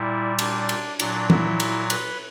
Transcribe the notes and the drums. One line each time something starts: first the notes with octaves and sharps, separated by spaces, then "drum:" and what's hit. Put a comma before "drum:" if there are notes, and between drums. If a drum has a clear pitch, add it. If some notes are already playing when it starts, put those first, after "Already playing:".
Already playing: A#2 G3 E4
D4, drum: cymbal
drum: cymbal
A#2 F#3 D4, drum: cymbal
E4, drum: tom E3
drum: cymbal
B4, drum: cymbal